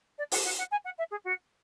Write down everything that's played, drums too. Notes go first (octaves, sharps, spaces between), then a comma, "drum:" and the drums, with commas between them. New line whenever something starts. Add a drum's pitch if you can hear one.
D5
F#5, drum: open hi-hat
F#5
F#5
G#5
F#5
E5
G#4
F#4